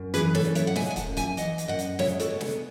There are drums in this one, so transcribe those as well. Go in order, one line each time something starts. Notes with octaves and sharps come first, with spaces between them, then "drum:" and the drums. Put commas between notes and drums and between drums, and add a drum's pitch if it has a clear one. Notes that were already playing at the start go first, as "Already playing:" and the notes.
Already playing: F#2
E3 G#4 B4, drum: hi-hat
A4 C#5, drum: snare
F#2
C#5 E5, drum: hi-hat
F#5
G#3 E5 G#5, drum: snare
G#5
F#5 A5, drum: kick C#1, hi-hat
F#2
E5 G#5, drum: hi-hat
E3 D#5 F#5, drum: hi-hat
drum: hi-hat
F#2 D#5 F#5
drum: hi-hat
G#3 C#5 E5, drum: snare
F#4 A4, drum: hi-hat
B3
drum: snare